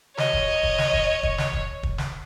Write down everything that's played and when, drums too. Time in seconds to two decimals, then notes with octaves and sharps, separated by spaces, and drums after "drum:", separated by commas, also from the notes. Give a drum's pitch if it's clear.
0.18 C#5 D#5, drum: snare
0.33 drum: kick
0.63 drum: kick
0.78 drum: snare
0.93 drum: kick
1.23 drum: kick
1.38 drum: snare
1.53 drum: kick
1.83 drum: kick
1.98 drum: snare